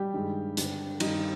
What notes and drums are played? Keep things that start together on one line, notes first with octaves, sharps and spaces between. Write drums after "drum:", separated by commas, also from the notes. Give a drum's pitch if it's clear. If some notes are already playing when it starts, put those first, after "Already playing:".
Already playing: G3 G4
G2 D#3 G#3
G2 D3 G3, drum: hi-hat
G2 D#3 G3 D#4, drum: cymbal